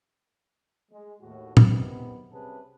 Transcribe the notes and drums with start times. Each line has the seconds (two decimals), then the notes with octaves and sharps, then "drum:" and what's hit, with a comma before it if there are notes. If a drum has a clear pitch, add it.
0.92 G#3
1.21 D#2 A2 F#4
1.57 F#2 C3 D#3 B3, drum: tom A#2
2.31 C2 C3 C#4 G#4 B4 A5